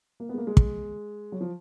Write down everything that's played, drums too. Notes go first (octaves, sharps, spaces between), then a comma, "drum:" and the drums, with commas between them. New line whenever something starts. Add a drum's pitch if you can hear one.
A#3
G#3 B3
A#3
G#3
drum: kick
F#3
F3